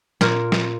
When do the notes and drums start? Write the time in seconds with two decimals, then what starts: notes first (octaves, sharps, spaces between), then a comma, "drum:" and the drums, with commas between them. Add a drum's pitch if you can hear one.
0.21 A#2 A#4, drum: snare
0.52 drum: snare